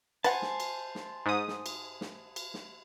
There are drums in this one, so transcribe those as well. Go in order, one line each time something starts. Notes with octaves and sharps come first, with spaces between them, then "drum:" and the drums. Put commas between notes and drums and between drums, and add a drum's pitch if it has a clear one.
B4 C5 F#5 G#5 A5, drum: cymbal
drum: snare
drum: cymbal
drum: snare
G#2 D#6
drum: snare
drum: cymbal
drum: snare
drum: cymbal
drum: snare